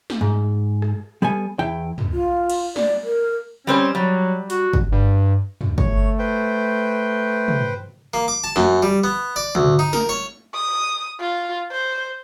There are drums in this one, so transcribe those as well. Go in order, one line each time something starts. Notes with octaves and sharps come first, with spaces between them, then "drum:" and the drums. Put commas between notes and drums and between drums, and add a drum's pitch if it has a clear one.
drum: snare
G#2
drum: rim click
G3 B3 A4 G#5
E2 E4 G5
drum: tom
F4
drum: cymbal
D5, drum: snare
A#4
G3 C4 C#4 C5
F#3 G3
F#4, drum: hi-hat
drum: kick
G2
drum: tom
A3 C#5, drum: kick
B4 C5 G5
drum: tom
A#3
D6
A5
F#2, drum: snare
G3
B3
D5
D2, drum: tom
D#4
A#4, drum: snare
C#5
D#6
F4
C5